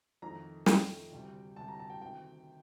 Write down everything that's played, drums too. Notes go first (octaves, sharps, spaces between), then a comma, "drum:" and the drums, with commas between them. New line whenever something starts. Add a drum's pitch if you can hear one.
F2 D#3 A3 A#5
F2 D#3 A3 G5, drum: snare
D2 C3 G3
D2 C3 G3 A5
A#5
A5
G5
D2 C3 D#3 G5